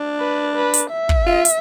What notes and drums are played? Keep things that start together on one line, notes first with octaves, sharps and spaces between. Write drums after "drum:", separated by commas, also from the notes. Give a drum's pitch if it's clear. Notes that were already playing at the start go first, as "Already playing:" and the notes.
Already playing: D4
B4
B4
drum: hi-hat
E5
drum: kick
F4
drum: hi-hat